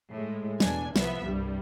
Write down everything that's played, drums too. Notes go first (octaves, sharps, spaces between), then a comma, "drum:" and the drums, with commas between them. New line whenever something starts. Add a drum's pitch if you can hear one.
A2 G#3
E2 B2 D4 G#5, drum: snare
C2 F3 B3 E5, drum: snare
C2 G2 G3